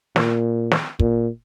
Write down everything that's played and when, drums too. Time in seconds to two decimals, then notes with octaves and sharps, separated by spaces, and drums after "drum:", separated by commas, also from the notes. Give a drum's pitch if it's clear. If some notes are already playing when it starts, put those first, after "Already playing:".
0.16 A#2, drum: snare
0.71 drum: snare
0.99 A#2, drum: kick